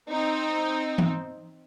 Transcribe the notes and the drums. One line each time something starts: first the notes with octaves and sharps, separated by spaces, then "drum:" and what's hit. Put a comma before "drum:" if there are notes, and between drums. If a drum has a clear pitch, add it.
C4 D#4
drum: tom E3